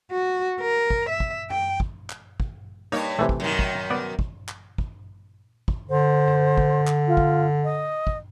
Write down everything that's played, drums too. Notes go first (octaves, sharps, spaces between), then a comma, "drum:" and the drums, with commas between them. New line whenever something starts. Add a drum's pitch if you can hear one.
F#4
A#4
drum: kick
E5
drum: kick
G5, drum: tom F#2
drum: kick
drum: clap
drum: kick
G2 A#3 D#4 C#5
C3 E3 A3
drum: kick
F#2 D#3
drum: kick
B3 D5, drum: tom
drum: kick
drum: clap
drum: kick
drum: kick
D3 C5
drum: tom F#2
drum: kick
drum: clap
F4
drum: kick
D#5
drum: kick